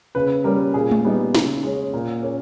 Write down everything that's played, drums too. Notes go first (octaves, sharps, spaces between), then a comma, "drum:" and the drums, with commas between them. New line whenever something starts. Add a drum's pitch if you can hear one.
C#3 B4
G3 C#4 A#4
A#2 G#4
drum: tom G#3
G3 B3 D#4
C#3, drum: snare
G#3 C#4
A#2 A#4
A#3 C#4